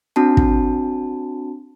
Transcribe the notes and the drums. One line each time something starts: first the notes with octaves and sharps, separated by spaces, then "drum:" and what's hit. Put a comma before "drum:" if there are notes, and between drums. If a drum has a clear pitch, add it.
C4 D4 F#4 A5
drum: kick